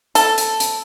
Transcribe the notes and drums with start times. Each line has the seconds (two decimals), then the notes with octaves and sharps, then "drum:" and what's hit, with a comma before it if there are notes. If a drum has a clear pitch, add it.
0.15 A4, drum: hi-hat
0.38 drum: hi-hat
0.60 drum: hi-hat